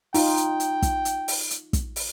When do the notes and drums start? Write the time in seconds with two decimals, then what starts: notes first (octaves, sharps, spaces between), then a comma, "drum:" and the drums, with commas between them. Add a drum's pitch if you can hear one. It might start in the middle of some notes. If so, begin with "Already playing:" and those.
0.14 D#4 F4 G5, drum: open hi-hat
0.37 drum: hi-hat
0.60 drum: hi-hat
0.82 drum: kick, hi-hat
1.05 drum: hi-hat
1.28 drum: open hi-hat
1.51 drum: hi-hat
1.73 drum: kick, hi-hat
1.96 drum: open hi-hat